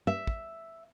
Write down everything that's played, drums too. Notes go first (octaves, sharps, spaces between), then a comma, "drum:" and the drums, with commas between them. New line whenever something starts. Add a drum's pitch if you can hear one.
E5
drum: kick